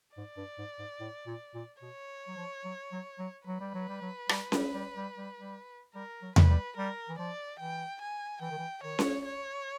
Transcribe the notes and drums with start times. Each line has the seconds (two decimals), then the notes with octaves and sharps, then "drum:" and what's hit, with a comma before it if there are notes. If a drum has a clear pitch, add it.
0.17 G#2 D5
0.37 G2
0.58 G#2
0.79 G#2
1.00 A2
1.27 A#2
1.54 A#2
1.82 B2 C#5
2.28 F#3
2.37 F3
2.65 F#3
2.92 F#3
3.19 F#3
3.47 F#3 B4
3.60 G3
3.74 F#3
3.89 G3
4.02 F#3
4.29 G3, drum: rim click
4.52 G3, drum: snare C#4
4.73 G3
4.96 G3
5.17 G3
5.40 G3
5.95 G3 A#4
6.22 F#3
6.36 B4, drum: tom E2
6.50 G3
6.77 G3 A#4
7.09 E3
7.18 F3 D5
7.59 E3 G5
8.01 G#5
8.42 E3 G5
8.51 D#3
8.58 E3
8.83 D#3 C#5
8.99 drum: snare C#4
9.25 C#5